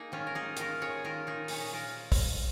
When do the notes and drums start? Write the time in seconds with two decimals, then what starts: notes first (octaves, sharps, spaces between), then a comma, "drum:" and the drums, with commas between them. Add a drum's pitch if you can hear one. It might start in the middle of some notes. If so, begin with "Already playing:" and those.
Already playing: A#3 D#4 G#4
0.12 D#3 C#4 F4
0.27 A#4
0.35 D#4 G#4
0.57 D#3 F4 A#4, drum: hi-hat
0.82 G#4 C#5
1.04 D#3 F4 A#4
1.27 D#4 G#4
1.48 A#2 G#4 C#5, drum: open hi-hat
1.73 F4 A#4
2.12 drum: kick, open hi-hat